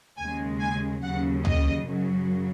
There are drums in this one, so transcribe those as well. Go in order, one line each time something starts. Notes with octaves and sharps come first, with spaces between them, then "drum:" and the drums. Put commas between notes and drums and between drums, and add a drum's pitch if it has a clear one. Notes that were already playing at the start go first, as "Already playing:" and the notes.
D#2 C#3 G#3 G#5
G#5
D#2 C#3 F#3 F#5
D#5, drum: tom
F#2 C#3 F#3